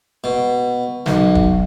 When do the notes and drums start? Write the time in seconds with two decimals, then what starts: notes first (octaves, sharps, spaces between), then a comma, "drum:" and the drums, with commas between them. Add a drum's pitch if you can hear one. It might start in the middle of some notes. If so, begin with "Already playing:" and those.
0.24 B2
1.06 B1, drum: snare
1.35 drum: kick